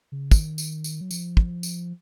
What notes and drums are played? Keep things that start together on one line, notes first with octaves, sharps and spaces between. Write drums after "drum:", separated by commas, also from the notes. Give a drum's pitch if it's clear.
C#3
D#3, drum: kick, tambourine
drum: tambourine
drum: tambourine
F#3
F3, drum: tambourine
drum: kick
drum: tambourine